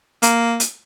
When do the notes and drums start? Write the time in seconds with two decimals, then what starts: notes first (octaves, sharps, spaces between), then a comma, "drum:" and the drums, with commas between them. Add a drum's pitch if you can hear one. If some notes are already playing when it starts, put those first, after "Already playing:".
0.23 A#3, drum: hi-hat
0.60 drum: hi-hat